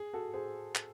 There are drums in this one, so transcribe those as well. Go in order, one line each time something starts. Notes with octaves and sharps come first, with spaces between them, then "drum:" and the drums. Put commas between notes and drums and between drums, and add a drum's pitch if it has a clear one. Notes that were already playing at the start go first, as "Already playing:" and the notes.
Already playing: G#4
F#4 A4
G#4 C5
drum: clap